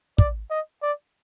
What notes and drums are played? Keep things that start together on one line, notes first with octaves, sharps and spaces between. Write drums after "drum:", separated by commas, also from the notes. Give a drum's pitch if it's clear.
D5, drum: kick
D#5
D5